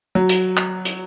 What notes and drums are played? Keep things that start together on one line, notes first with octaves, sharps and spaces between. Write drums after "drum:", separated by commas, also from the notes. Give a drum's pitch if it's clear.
F#3
drum: hi-hat
drum: clap
drum: hi-hat